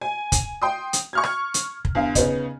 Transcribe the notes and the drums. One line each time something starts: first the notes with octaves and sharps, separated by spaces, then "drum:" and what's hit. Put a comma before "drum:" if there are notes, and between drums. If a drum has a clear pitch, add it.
G#5
drum: kick, hi-hat
G5 C6 D#6
drum: hi-hat
C#6 F6 G#6
drum: rim click
drum: hi-hat
drum: kick
E2 D3 F5
C#3 B3 D#4, drum: kick, hi-hat